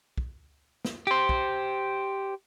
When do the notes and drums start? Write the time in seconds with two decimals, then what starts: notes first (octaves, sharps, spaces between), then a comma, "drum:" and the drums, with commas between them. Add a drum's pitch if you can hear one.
0.18 drum: kick
0.85 drum: snare
1.07 G4 C5
1.29 drum: kick